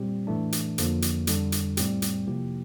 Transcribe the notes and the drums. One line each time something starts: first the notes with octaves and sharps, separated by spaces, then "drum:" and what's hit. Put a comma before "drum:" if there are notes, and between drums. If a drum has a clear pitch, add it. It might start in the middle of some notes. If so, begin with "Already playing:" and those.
Already playing: A#2 G3 C4 G4
A2 E3 A3 D4
drum: hi-hat
F2 D3 F3 A#3, drum: hi-hat
drum: hi-hat
F2 D3 G3, drum: hi-hat
drum: hi-hat
A2 G3 C4 G4, drum: hi-hat
drum: hi-hat
C3 F3 A#3 E4 G4